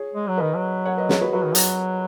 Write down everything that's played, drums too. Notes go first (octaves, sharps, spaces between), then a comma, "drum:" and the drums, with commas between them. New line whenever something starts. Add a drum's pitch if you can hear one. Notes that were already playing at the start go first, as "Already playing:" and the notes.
Already playing: G#4 C#5
G#3
F#3
D#3 B4 D#5
F#3
C#5 F#5
B4 D#5
G#4 C#5, drum: snare
F#4 B4
F#3 F#4 B4
D#3
F#3, drum: hi-hat